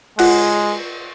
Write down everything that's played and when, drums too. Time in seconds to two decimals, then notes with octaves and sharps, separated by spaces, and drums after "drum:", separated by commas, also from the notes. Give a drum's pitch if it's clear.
0.19 G#3 F4 F#5 F#6, drum: cymbal